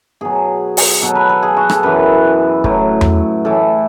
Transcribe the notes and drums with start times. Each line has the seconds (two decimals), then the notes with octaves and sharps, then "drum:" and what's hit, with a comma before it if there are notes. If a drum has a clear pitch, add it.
0.21 B2 F#3 G#4
0.77 drum: open hi-hat
1.02 B2 F#3 A4
1.15 B4
1.29 A4
1.43 G#4
1.57 F#4
1.70 A4, drum: rim click
1.83 F#2 E3 B4
2.64 A2 F#3, drum: kick
3.01 drum: tom E2
3.45 A2 E3 A4